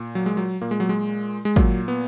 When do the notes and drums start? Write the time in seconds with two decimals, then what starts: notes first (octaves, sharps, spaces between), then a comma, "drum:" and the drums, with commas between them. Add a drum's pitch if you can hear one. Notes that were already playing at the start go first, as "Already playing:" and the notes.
Already playing: A#2
0.15 F#3
0.26 G#3
0.37 F#3
0.61 A#2 A#3
0.71 G#3
0.80 F#3
0.89 G#3
1.45 G#3
1.56 A#2 F#3, drum: kick
1.88 B3